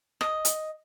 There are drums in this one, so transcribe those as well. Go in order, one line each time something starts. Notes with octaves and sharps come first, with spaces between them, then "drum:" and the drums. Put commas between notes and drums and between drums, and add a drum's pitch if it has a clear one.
D#5, drum: rim click
drum: hi-hat